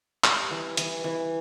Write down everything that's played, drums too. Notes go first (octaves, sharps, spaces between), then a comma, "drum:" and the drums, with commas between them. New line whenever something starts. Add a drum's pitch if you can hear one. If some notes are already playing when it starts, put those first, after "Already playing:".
G3, drum: clap
E3
E3, drum: hi-hat
E3